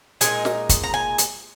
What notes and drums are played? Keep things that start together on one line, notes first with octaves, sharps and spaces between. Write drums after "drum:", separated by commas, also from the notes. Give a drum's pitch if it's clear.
A#2 G#3 D#4 G#5, drum: hi-hat
drum: snare
drum: kick, hi-hat
A#5
G#5
drum: hi-hat